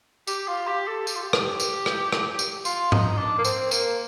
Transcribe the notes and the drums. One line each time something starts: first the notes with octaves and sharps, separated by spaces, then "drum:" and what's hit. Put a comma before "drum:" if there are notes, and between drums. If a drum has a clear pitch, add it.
G4, drum: tambourine
F4
G4
A4
G4, drum: tambourine
F4
G4
drum: rim click
drum: tambourine
drum: rim click
drum: rim click
drum: tambourine
F4, drum: tambourine
D#4, drum: tom G#2
D4
A#3
C4, drum: tambourine
A#3, drum: tambourine